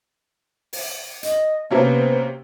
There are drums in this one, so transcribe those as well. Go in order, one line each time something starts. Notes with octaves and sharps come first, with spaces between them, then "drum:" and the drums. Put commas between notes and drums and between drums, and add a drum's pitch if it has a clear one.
drum: open hi-hat
D#5, drum: hi-hat
C3 A#3 B3 C#4